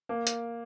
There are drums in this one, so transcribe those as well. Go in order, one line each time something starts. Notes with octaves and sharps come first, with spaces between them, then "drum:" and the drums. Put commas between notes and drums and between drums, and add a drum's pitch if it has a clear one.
A#3
drum: hi-hat